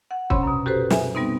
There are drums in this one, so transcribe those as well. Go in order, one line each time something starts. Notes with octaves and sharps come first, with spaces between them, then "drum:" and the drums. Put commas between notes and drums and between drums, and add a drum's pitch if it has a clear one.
F#5
D2 C3 C#4 C#5 B5 C6, drum: kick
F#2 B2
F#4 G4 A4 B4 C5
E5 G#5, drum: snare
G3 B3 C4 D#4